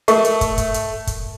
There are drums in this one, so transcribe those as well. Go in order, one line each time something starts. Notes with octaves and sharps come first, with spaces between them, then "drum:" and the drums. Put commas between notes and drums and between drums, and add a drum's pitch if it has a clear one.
A3 A#4 C#6, drum: hi-hat
drum: hi-hat
drum: kick, hi-hat
drum: kick, hi-hat
drum: hi-hat
drum: kick, hi-hat